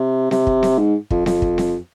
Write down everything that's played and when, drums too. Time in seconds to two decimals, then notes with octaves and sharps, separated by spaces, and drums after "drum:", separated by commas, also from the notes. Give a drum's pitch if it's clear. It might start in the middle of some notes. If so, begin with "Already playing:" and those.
Already playing: C3
0.31 C3, drum: snare C4
0.47 drum: kick
0.63 drum: snare C4
0.78 G#2
1.11 F2, drum: kick
1.26 F2, drum: snare C4
1.42 drum: kick
1.58 drum: snare C4